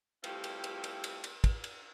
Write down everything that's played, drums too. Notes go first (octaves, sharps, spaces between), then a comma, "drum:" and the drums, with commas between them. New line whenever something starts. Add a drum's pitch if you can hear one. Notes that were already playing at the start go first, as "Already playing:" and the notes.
G3 A3 C4 E4 F4 G4, drum: cymbal
drum: cymbal
drum: cymbal
drum: cymbal
drum: cymbal
drum: cymbal
drum: kick, cymbal
drum: cymbal